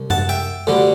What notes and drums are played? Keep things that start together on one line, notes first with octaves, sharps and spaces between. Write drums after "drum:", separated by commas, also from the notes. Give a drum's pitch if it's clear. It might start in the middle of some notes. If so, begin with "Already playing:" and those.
Already playing: C2
F#5 A5, drum: tom F#2
E5 G5
D2 D3 G3